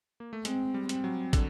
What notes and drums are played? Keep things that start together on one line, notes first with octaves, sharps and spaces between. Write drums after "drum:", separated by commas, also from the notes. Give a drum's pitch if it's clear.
A#3
A3
G#3 C4, drum: hi-hat
G3
C4, drum: hi-hat
F#3
D3, drum: kick, hi-hat